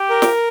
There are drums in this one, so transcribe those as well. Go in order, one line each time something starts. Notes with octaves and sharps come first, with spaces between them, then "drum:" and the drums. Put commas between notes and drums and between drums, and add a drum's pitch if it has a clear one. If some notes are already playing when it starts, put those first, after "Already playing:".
Already playing: G4
A#4
drum: snare